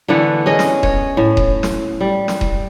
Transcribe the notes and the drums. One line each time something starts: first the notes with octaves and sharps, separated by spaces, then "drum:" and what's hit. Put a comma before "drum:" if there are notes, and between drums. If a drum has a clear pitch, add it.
D3 E3 A3 B3
C#4 G#4 D#5
drum: snare
C#5, drum: kick D#1
A2
drum: kick D#1
drum: snare
G3
drum: snare
drum: kick D#1